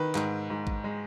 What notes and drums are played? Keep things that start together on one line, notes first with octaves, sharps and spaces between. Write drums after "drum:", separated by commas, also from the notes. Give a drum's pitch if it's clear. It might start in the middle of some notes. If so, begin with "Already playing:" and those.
Already playing: D#3 B4
G#2, drum: clap
G#2
drum: kick A1
G#3